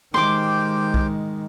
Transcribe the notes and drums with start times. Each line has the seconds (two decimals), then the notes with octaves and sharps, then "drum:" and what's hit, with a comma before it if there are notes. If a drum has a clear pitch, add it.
0.14 D#3 G#3 G4 C5 G5 C6 D6, drum: rim click
0.94 drum: kick B1